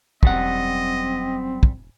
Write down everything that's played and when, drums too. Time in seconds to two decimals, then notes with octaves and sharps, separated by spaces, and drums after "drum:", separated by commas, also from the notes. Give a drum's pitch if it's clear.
0.23 E1 F#2 G3 C4 D#5 F#5, drum: kick
1.63 drum: kick